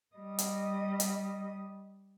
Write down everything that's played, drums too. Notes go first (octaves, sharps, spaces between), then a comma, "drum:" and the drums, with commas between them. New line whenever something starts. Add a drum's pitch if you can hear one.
G3 D#5
drum: hi-hat
drum: hi-hat